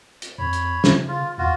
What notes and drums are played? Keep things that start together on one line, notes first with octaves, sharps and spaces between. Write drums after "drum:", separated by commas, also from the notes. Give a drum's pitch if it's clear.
drum: hi-hat
F2 C#5 B5
drum: hi-hat
C#3, drum: snare
F4
E2 F4 F#4